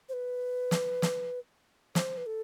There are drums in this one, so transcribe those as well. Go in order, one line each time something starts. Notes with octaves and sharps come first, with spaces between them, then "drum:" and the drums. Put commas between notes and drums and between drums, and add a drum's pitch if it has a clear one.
C5
B4
drum: snare
drum: snare
C5, drum: snare
B4
A4